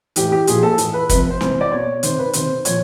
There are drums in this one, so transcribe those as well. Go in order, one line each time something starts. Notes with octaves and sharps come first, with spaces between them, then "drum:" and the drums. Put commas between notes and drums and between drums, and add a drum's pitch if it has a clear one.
A2 E3 G4, drum: hi-hat
G4
A#2 F3 G#4, drum: hi-hat
A4
A2 E3, drum: hi-hat
B4
C3 F3 B4, drum: kick, hi-hat
C5
C3 E3, drum: snare
D5
B2 C#5
C3 D#3 C5, drum: hi-hat
B4
C3 D#3 C5, drum: hi-hat
A#2 F3 C#5, drum: hi-hat